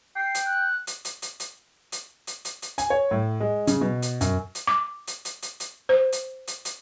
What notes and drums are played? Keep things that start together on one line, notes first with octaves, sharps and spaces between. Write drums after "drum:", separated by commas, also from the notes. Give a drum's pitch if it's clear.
G5 C7
drum: hi-hat
F#6
drum: hi-hat
drum: hi-hat
drum: hi-hat
drum: hi-hat
drum: hi-hat
drum: hi-hat
drum: hi-hat
drum: hi-hat
G#5, drum: hi-hat
C#5
A2
G#3
C#3, drum: hi-hat
B2
drum: hi-hat
F#2, drum: hi-hat
drum: hi-hat
D6
drum: hi-hat
drum: hi-hat
drum: hi-hat
drum: hi-hat
C5
drum: hi-hat
drum: hi-hat
drum: hi-hat